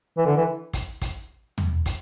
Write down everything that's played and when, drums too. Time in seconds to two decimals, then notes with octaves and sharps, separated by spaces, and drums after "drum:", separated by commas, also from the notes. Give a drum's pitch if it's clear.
0.18 E3
0.26 D3
0.37 E3
0.73 drum: kick, hi-hat
1.02 drum: kick, hi-hat
1.58 drum: tom
1.86 drum: kick, hi-hat